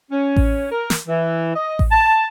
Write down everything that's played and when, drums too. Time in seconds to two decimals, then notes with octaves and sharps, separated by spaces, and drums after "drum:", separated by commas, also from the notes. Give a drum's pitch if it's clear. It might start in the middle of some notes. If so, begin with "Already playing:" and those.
0.11 C#4
0.36 drum: kick A1
0.72 A#4
0.90 drum: snare
1.08 E3
1.56 D#5
1.79 drum: kick A1
1.92 A5